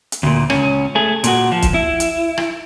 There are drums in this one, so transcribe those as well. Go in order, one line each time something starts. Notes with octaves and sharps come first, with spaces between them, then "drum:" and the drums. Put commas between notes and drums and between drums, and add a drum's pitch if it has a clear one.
drum: hi-hat
D2 A#2
C#2 C#4, drum: rim click
A3 G#4
A#2 F#4, drum: hi-hat
F3
drum: kick, hi-hat
E4
drum: hi-hat
drum: rim click